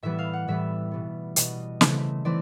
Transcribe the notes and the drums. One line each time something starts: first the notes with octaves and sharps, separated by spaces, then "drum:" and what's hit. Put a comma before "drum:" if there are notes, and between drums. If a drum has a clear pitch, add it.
A2 E3 G3 B3 E5
F5
F#5
A2 E3 G3 B3 E5
B2 G3 B3
B2 G3 B3 D#5, drum: hi-hat
C#3 E3 A3 C4, drum: snare
E3 A3 C4 D5